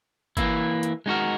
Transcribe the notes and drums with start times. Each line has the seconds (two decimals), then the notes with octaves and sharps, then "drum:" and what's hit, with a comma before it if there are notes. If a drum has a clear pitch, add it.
0.37 E3 A#3 E4, drum: kick G1, hi-hat
0.83 drum: hi-hat
1.06 G#3 D#4 F#4 A#4